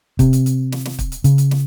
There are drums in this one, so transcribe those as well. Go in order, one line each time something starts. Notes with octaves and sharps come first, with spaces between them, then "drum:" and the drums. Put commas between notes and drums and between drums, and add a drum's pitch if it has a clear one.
C3, drum: kick, hi-hat
drum: hi-hat
drum: hi-hat
drum: snare
drum: snare
drum: kick, hi-hat
drum: hi-hat
C#3, drum: hi-hat
drum: hi-hat
drum: snare